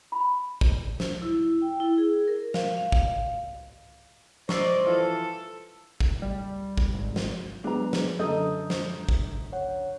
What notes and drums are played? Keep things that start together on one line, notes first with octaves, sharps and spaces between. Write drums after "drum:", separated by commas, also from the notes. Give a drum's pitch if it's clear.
B5
drum: kick
drum: snare
E4
G5
E4
G#4
A#4
F5, drum: snare
F5
drum: kick
C5 D5 D#5 C#6 E6 C7, drum: snare
E3 F3 F4 A4
drum: kick
G3
drum: kick
G#1
drum: snare
F#3 G#3 B3 D4 G#4 B4 A#5
drum: snare
F#2 D3 A4 D#5 A#5 D#6 G6
drum: snare
drum: kick
C#5 F#5